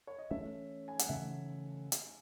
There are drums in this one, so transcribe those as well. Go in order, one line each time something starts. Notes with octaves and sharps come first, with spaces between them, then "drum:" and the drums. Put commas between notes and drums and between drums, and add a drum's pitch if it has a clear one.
C#5
D#5
E3 A3 C#4 E5
G#5
F#5, drum: hi-hat
C#3 E3 A3 C#4 E5
drum: hi-hat